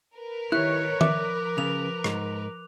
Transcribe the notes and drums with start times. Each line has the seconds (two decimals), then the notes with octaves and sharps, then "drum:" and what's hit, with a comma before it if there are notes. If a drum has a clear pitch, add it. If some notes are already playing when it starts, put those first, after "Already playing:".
0.16 A#4 B4
0.52 D#3 E4 G4 C#5 F#6
1.01 F3 D5 E5 D6, drum: tom D#3
1.58 C#3 F7
2.04 G#2, drum: rim click